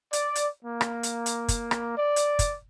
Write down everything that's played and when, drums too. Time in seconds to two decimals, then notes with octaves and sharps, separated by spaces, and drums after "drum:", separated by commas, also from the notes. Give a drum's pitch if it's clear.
0.13 D5, drum: hi-hat
0.35 drum: hi-hat
0.64 A#3
0.81 drum: rim click
1.03 drum: hi-hat
1.26 drum: hi-hat
1.48 drum: kick, hi-hat
1.71 drum: rim click
1.98 D5
2.16 drum: hi-hat
2.39 drum: kick, hi-hat